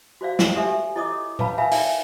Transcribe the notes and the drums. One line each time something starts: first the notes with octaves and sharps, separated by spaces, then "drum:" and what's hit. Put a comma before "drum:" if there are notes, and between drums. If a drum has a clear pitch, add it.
F#4 C5 D5 F5
drum: snare
G4 A4 D5 E5 G#5
E4 A4 C#5 D#5 D6 D#6
B4 C#5 F5 A5 B5, drum: tom A#2
A#4 E5 F5 G#5 B5
D#4 C#5 D5 E5 G5, drum: open hi-hat